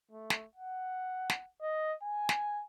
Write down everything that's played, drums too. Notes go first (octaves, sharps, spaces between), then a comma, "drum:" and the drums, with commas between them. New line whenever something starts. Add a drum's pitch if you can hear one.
A3
drum: snare
F#5
drum: snare
D#5
G#5
drum: snare